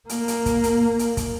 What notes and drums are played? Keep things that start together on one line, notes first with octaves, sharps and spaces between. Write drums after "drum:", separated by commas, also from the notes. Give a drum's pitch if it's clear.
A#3, drum: hi-hat
drum: hi-hat
drum: kick, hi-hat
drum: hi-hat
drum: hi-hat
drum: kick, hi-hat